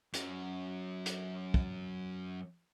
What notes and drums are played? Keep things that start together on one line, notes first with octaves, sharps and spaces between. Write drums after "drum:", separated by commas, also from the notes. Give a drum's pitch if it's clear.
F#2 F#3, drum: hi-hat
drum: hi-hat
drum: kick